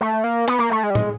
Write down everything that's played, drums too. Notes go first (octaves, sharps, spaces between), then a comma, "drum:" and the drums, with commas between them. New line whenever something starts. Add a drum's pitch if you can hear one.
A3
A#3
B3, drum: hi-hat
A#3
A3
G#3
G3
G#3, drum: tom